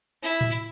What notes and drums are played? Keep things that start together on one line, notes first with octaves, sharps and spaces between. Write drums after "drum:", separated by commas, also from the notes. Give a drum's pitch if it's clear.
E4
drum: tom A2